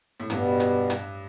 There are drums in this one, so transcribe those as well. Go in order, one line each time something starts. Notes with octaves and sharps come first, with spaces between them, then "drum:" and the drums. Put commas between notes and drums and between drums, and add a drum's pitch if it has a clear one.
A2
G2 B2 G3 B3, drum: hi-hat
drum: hi-hat
drum: hi-hat